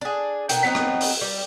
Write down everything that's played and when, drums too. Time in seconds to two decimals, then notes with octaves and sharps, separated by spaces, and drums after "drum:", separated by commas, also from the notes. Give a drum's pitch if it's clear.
0.01 D4 G#4
0.49 B2 A#4 G5, drum: hi-hat
0.63 F#3 B3 C4 D#4
0.75 drum: rim click
1.01 drum: open hi-hat
1.21 G3